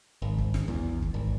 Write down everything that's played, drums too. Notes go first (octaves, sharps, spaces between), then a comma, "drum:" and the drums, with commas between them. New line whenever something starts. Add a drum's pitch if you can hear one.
G#1
drum: kick
drum: snare
E2, drum: kick
drum: kick
G#1